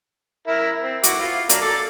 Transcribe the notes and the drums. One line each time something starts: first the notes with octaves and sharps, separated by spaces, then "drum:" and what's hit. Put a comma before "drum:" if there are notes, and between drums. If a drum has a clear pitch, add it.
E4 A#4 E5
C4
E4 F#4 D6, drum: hi-hat
F4
F#3 A#3 D4, drum: hi-hat
A4 D5